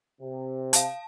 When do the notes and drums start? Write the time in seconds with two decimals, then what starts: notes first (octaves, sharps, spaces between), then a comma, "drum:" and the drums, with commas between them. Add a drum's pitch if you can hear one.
0.21 C3
0.73 F5 A5, drum: hi-hat